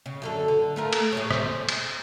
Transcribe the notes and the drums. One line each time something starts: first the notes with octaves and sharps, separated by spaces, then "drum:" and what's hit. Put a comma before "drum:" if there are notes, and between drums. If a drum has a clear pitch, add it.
C#3
F#2 D3 A4
D3
A3 F4 A#4
drum: cymbal
A2 G#4 C#5
C5, drum: rim click
drum: cymbal